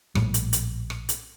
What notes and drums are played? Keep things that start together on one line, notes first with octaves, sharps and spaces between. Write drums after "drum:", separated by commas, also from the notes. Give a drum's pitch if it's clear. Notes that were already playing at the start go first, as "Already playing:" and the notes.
A#1 A2 G3, drum: rim click
drum: hi-hat
drum: hi-hat
drum: rim click
drum: hi-hat